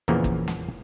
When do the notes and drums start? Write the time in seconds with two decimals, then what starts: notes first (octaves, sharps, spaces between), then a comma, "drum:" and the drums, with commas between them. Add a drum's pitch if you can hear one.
0.08 E2 A#2 C#3 E3 F3 A#3
0.24 drum: kick
0.48 drum: snare